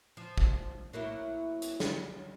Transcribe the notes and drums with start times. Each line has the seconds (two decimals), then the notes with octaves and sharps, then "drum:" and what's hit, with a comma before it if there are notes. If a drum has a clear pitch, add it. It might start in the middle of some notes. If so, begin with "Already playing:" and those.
0.17 F3
0.38 drum: kick
0.93 F#3 A#3 E4
1.62 drum: hi-hat
1.80 drum: snare